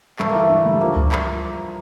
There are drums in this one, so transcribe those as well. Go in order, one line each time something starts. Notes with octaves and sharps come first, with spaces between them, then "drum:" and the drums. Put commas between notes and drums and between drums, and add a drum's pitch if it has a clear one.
G2 A3, drum: clap
A#3
E3 A3
D4
G3
F3 A#3
drum: kick C#2
drum: clap